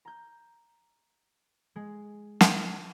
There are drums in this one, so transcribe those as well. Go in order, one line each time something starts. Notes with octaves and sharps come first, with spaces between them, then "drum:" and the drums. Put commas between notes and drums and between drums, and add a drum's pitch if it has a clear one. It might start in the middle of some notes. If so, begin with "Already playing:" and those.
A#5 G6
G#3
drum: snare